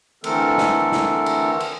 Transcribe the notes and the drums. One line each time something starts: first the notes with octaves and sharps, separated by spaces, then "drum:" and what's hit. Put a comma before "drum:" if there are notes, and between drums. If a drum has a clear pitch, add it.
D3 E3 A3 C4 A4 A#4, drum: cymbal
drum: snare
drum: snare
drum: cymbal
drum: cymbal